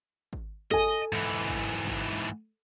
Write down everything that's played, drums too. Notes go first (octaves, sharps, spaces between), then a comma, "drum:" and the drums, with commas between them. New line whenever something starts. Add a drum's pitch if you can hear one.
drum: kick G#1
A4 D#5 G#5, drum: kick G#1
G#2 E3
drum: kick G#1
drum: kick G#1